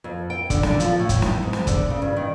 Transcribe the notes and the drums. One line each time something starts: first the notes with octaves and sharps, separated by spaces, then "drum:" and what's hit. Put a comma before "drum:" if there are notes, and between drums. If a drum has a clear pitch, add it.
F2
G5
D3, drum: kick, hi-hat
D3, drum: snare
F3, drum: hi-hat
A2
drum: kick, hi-hat
D#4, drum: snare
G#2
drum: snare
D3, drum: kick, hi-hat
C#3
G2
D#3